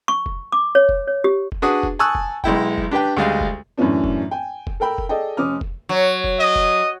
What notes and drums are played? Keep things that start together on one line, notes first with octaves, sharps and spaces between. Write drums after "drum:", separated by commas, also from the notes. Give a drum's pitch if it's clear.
C#6
drum: kick F1
D6
C#5
drum: kick F1
C#5
G4
drum: kick F1
D4 F#4 G#4 B4 D#6
drum: kick F1
G#5 A5 C#6 D#6 E6 F#6
drum: kick F1
B1 G#3 E4 G5, drum: kick F1
drum: kick F1
D4 G4 B4 G5
D2 G3 G#3 G#4 F5
drum: kick F1
F#2 A2 E3 C#4 D4
drum: kick F1
G5 G#5
drum: kick F1
A4 A#4 G5 B5 E6
drum: kick F1
G#4 A4 D5 D#5 G5
F1 C#4 D6 D#6 F6
drum: kick F1
F#3
drum: kick F1
D#5
drum: kick F1